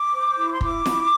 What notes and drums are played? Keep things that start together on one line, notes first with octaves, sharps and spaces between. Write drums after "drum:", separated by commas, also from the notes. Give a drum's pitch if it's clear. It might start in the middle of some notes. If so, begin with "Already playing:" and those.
Already playing: D6
C5
E4
C6
E4 D6, drum: kick
E4, drum: snare